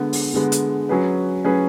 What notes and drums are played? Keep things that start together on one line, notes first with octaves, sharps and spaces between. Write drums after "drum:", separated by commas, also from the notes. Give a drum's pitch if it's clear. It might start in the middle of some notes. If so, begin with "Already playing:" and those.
Already playing: D3 G#3 B3
drum: open hi-hat
D3 G#3 B3
drum: hi-hat
F#3 C#4 G#4 B4
F#3 C#4 G#4 B4